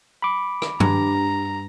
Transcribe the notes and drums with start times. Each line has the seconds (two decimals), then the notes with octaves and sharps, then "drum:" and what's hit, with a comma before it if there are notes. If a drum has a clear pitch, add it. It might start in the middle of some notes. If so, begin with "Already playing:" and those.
0.22 B5 D6
0.62 drum: rim click
0.80 G2 A#5, drum: tom G2